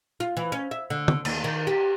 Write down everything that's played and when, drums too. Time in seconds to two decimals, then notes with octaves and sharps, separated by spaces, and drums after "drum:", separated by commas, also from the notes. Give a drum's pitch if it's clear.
0.20 F4
0.37 E3
0.52 C#4
0.71 E5
0.90 D3
1.08 drum: tom
1.25 D#2, drum: cymbal
1.44 D#3
1.67 G4